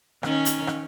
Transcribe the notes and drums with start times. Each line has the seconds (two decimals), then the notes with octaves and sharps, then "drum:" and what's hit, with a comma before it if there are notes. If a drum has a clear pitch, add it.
0.23 D#3 C#4, drum: rim click
0.45 drum: hi-hat
0.67 drum: rim click